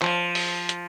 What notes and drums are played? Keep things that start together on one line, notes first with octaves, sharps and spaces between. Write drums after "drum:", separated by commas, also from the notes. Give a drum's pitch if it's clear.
F3, drum: clap
drum: open hi-hat
drum: hi-hat